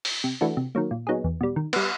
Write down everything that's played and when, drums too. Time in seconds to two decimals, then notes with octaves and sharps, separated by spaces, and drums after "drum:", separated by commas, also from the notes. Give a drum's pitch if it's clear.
0.05 drum: open hi-hat
0.24 C3
0.41 E3 A3 D4 F#4
0.57 C3
0.75 D#3 F#3 A#3
0.91 A#2
1.07 F#3 B3 D#4 G#4
1.24 E2
1.41 B2 G3
1.56 D#3
1.73 G3 B3, drum: cymbal